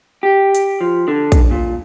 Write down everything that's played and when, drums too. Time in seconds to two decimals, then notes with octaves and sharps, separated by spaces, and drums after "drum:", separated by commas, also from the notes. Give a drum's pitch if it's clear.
0.23 G4
0.55 drum: hi-hat
0.81 F3
1.08 D3
1.32 drum: kick, hi-hat
1.51 A#2